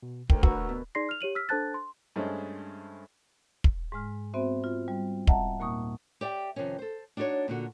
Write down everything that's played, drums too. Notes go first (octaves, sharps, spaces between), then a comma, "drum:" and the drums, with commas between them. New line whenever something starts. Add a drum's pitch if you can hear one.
B2
D2 A#4 G5, drum: kick
F#4 A#4 B4 A#5 E6, drum: kick
B2
D#4 G#4 D5 C6 A#6 C7
F6 F7
G4 C#5 D#7 F#7
E6 F6 B6
D4 A4 C5 A5 F#6 A6
C6
G2 G#3 A3 C#4 C5
drum: kick
G#2 G#3 F6
B3 C4 F#4 C5 E5
F4
G3
D#5 E5 F#5 A5 A#5, drum: kick
D#2 A#2 A#3 C#6 D#6
G4 D5 E5 G5
F2 G#2 C3 D#3 C#4
A4 C5
D4 D#4 F#4 B4 C#5
A#2 D3 F#4